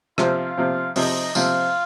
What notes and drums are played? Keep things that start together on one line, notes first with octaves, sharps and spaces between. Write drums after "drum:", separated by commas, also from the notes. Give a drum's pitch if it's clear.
C3 F3 C4 F4 F5, drum: rim click
C3 F3 C4
C3 F3 C4 D#4 D#5, drum: open hi-hat
C3 F3 C4 F4 F5, drum: tambourine